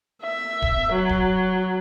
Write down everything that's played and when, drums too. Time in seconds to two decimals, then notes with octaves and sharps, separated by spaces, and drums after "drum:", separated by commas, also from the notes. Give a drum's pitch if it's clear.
0.22 E5
0.62 drum: kick D1
0.94 F#3
1.09 drum: kick D1